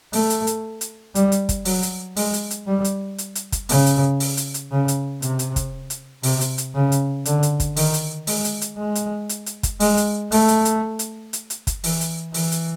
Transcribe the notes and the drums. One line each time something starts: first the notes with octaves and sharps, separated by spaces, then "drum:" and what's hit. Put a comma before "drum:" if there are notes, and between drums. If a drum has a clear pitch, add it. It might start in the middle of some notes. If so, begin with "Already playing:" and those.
A3, drum: open hi-hat
drum: hi-hat
drum: hi-hat
drum: hi-hat
G3, drum: hi-hat
drum: hi-hat
drum: kick, hi-hat
F#3, drum: open hi-hat
drum: hi-hat
G#3, drum: open hi-hat
drum: hi-hat
drum: hi-hat
G3
drum: hi-hat
drum: hi-hat
drum: hi-hat
drum: kick, hi-hat
C#3, drum: open hi-hat
drum: hi-hat
drum: open hi-hat
drum: hi-hat
drum: hi-hat
C#3
drum: hi-hat
C3, drum: hi-hat
drum: hi-hat
drum: kick, hi-hat
drum: hi-hat
C3, drum: open hi-hat
drum: hi-hat
drum: hi-hat
C#3
drum: hi-hat
D3, drum: hi-hat
drum: hi-hat
drum: kick, hi-hat
D#3, drum: open hi-hat
drum: hi-hat
G#3, drum: open hi-hat
drum: hi-hat
drum: hi-hat
G#3
drum: hi-hat
drum: hi-hat
drum: hi-hat
drum: kick, hi-hat
G#3, drum: open hi-hat
drum: hi-hat
A3, drum: open hi-hat
drum: hi-hat
drum: hi-hat
drum: hi-hat
drum: hi-hat
drum: hi-hat
drum: kick, hi-hat
E3, drum: open hi-hat
drum: hi-hat
E3, drum: open hi-hat
drum: hi-hat